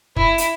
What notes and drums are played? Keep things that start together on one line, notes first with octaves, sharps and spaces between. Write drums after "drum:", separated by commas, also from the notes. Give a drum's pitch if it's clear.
E4, drum: kick
drum: hi-hat